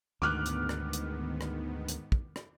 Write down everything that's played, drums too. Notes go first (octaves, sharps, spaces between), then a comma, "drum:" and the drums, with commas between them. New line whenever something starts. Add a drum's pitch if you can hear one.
D2 G#2 D#3 B3 D6 F6 F#6
drum: hi-hat
drum: rim click
drum: hi-hat
drum: rim click
drum: hi-hat
drum: kick
drum: rim click